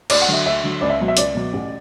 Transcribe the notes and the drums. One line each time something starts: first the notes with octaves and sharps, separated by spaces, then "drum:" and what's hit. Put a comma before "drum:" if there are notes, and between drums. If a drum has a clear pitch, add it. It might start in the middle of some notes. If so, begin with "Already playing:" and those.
D2 D5, drum: cymbal
F#5
D3 F#3 E5
D2 E5
D3 F#3
C#2 D5
E5
B2 F#3
E5
C#2 D5, drum: hi-hat
B2 F#3
A1